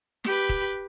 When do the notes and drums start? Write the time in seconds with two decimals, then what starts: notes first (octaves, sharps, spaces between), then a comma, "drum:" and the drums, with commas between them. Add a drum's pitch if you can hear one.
0.24 G4 B4, drum: snare
0.49 drum: kick